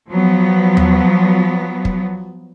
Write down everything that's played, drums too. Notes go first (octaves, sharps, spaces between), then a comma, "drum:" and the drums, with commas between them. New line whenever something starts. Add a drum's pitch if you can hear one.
F3 F#3 B3
drum: tom D#2
drum: kick